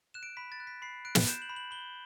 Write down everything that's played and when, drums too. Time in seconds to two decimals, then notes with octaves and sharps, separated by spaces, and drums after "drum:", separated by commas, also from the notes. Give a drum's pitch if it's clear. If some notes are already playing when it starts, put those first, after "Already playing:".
0.14 F#6 E7
0.23 D7
0.37 B5 B6
0.52 A6
0.60 F#6
0.67 B6
0.82 B5 C7
1.05 F#6 D7
1.15 drum: snare
1.27 G6 E7
1.42 F#7
1.49 B5
1.56 F#7
1.71 B5 G7